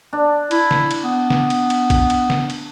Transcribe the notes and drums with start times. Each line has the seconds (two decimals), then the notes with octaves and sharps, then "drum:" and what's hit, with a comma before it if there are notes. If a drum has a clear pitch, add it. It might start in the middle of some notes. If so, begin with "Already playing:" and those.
0.13 D4
0.51 E4, drum: cymbal
0.71 drum: snare
0.91 drum: cymbal
1.03 B3
1.30 drum: snare
1.50 drum: cymbal
1.70 drum: cymbal
1.90 drum: kick B1, cymbal
2.10 drum: cymbal
2.30 drum: snare
2.50 drum: cymbal